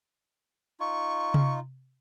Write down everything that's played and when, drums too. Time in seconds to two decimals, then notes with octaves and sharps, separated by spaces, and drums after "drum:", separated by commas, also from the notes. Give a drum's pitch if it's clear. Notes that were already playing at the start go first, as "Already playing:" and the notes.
0.80 D#4 F4 C#6
1.34 drum: tom C3